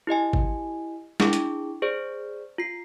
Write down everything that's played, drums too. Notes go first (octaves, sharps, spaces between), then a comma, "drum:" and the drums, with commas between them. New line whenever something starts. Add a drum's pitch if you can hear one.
E4 G4 D#5 G#5
drum: kick G#1
D4 E4 G#4 D6, drum: snare
drum: hi-hat
G#4 C5 D5
F4 C7